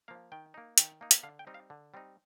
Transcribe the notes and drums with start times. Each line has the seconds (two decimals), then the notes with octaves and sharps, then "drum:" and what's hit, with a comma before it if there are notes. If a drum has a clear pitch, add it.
0.08 F3 A#3 F5
0.32 D#3 G5
0.54 A#3 D#4
0.78 D#3 G5, drum: hi-hat
1.01 A#3 D#4
1.11 drum: hi-hat
1.23 D3 F5
1.39 G5
1.47 G3 C4 D#4
1.54 F5
1.70 D3
1.94 G3 C4 D#4